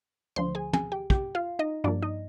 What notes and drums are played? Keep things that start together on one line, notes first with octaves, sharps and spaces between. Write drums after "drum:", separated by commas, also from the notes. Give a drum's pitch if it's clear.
D2 D3 F3 C5 C6
G#4 G#5
G#4 G#5, drum: tom
G4 G5
G4 G5, drum: kick
F4 F5
D#4 D#5
G2 F3 A#3 D4 D5
D#4 D#5